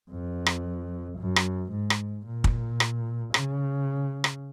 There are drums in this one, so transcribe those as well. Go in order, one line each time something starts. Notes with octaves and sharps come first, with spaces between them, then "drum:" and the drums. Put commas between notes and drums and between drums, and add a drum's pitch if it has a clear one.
F2
drum: rim click
F#2
drum: rim click
G#2
drum: rim click
A#2
drum: kick
drum: rim click
C#3, drum: rim click
drum: rim click